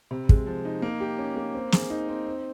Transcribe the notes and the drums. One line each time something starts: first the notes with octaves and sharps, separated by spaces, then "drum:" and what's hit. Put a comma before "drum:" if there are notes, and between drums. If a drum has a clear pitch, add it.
C3
G#3, drum: kick
F3
D#4
A#3
G4
C#4
A#3
C4
G#4, drum: snare
D#4
C4
C4